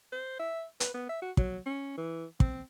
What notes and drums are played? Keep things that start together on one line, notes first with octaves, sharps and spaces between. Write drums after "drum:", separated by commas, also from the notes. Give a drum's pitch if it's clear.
C5
E5
B4, drum: hi-hat
B3
E5
F#4
F#3, drum: kick
C#4
E3
C4, drum: kick